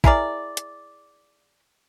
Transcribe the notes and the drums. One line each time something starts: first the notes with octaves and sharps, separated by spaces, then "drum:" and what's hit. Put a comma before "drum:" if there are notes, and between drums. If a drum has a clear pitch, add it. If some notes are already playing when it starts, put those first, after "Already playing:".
E4 G#4 A#4 D5, drum: kick
drum: hi-hat